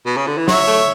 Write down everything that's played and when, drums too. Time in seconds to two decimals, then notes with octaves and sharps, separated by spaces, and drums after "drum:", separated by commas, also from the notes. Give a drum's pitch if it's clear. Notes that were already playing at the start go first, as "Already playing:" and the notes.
0.06 B2
0.17 C#3
0.27 D3
0.38 E3
0.48 F#3 C#5 E5, drum: snare
0.67 A3